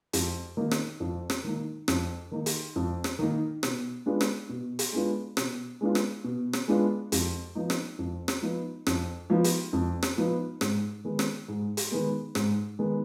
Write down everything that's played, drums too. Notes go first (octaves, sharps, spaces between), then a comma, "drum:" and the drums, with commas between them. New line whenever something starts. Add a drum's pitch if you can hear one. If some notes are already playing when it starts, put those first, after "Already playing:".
F2, drum: hi-hat
D#3 A#3 D#4
drum: rim click
F2
drum: rim click
D#3 A#3 D#4
F2, drum: rim click
D#3 A#3 D#4
drum: hi-hat
F2
drum: rim click
D#3 A#3 D#4
B2, drum: rim click
G#3 B3 D4 F4
drum: rim click
B2
drum: hi-hat
G#3 B3 D4 F4
B2, drum: rim click
G#3 B3 D4 F4
drum: rim click
B2
drum: rim click
G#3 B3 D4 F4
F2, drum: hi-hat
F3 B3 D#4
drum: rim click
F2
drum: rim click
F3 B3 D#4
F2, drum: rim click
F3 B3 D#4
drum: hi-hat
F2
drum: rim click
F3 B3 D#4
G#2, drum: rim click
D#3 G#3 B3
drum: rim click
G#2
drum: hi-hat
D#3 G#3 B3
G#2, drum: rim click
D#3 G#3 B3